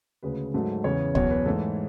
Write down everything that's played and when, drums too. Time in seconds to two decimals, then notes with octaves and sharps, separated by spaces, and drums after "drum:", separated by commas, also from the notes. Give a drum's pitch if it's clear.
0.23 D2 C#3 G#3 B4
0.54 G#2 F#3 A3
0.84 E2 C#3 E3 C#5
1.15 E2 B2 F#3 C#5, drum: kick
1.31 B4
1.46 G#2 E3 A3 A4